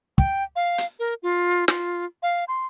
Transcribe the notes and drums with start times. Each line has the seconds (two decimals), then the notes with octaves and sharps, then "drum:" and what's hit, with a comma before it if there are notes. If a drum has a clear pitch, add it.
0.18 G5, drum: kick
0.56 F5
0.78 drum: hi-hat
0.99 A#4
1.23 F4
1.68 F4, drum: snare
2.23 F5
2.48 C6